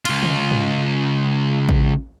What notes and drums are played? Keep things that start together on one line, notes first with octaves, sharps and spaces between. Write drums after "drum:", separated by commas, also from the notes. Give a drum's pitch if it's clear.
C#2 F4, drum: cymbal
drum: tom
drum: tom
drum: kick A1